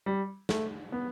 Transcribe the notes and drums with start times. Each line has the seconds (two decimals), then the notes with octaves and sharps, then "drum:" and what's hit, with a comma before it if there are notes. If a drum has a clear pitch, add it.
0.06 G3
0.49 A3, drum: snare
0.92 B3